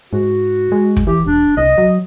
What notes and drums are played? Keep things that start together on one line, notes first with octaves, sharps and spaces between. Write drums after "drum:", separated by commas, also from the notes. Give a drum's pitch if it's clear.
G#2 F#4
G#3
drum: kick
E3 G4
E1 D4
C2 D#5
F#3